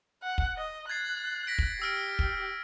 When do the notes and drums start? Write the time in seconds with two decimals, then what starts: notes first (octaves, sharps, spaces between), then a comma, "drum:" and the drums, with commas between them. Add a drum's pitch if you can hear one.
0.23 F#5
0.38 drum: kick
0.57 D#5
0.89 F#6 G#6 A6 C7
1.47 A#6 B6 D7
1.59 drum: kick
1.82 G4 E6 F6 D7
2.19 drum: kick